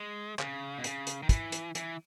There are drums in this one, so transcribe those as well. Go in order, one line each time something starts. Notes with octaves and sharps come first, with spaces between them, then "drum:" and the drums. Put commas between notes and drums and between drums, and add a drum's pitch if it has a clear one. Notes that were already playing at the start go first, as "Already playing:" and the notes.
Already playing: G#3
C#3, drum: clap
B2
C#3, drum: hi-hat
drum: hi-hat
D#3
E3, drum: kick, hi-hat
drum: hi-hat
E3, drum: hi-hat